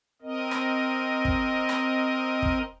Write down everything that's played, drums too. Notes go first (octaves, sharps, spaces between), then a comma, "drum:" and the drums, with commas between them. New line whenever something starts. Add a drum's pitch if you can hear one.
C4 A#4 D#5
drum: rim click
drum: kick
drum: rim click
drum: kick